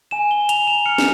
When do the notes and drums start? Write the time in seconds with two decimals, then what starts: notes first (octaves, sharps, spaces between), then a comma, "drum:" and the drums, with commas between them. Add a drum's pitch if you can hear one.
0.11 G#5 E7
0.31 G7
0.49 A#5 F7, drum: hi-hat
0.67 E7
0.86 F6 C#7
0.98 drum: snare